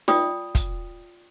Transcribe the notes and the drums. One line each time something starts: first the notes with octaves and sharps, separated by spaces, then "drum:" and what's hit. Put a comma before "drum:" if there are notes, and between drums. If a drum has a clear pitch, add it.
F4 D5 G5 D#6, drum: snare D#4
drum: kick, hi-hat